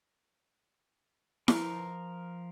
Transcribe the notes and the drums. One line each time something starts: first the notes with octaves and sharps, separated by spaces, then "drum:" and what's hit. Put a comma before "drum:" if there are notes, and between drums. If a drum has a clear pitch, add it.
F3 A#4, drum: snare E4